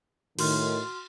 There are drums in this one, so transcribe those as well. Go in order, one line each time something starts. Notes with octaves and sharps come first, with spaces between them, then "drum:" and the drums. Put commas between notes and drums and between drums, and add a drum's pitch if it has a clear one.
A2 D#3 F#4 C6 F6, drum: cymbal